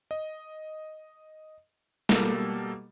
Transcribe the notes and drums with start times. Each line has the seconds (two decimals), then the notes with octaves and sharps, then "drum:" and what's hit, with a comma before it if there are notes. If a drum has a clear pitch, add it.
0.11 D#5
2.09 B2 G3 A#3 G4 A4, drum: snare